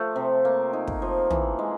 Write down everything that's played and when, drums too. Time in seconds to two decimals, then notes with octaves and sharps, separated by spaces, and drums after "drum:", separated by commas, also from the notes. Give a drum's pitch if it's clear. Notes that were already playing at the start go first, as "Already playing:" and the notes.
Already playing: F3 A3
0.16 C3
0.45 A#3
0.73 D#4
0.88 drum: kick
1.02 F3
1.31 E3, drum: tom
1.59 G#3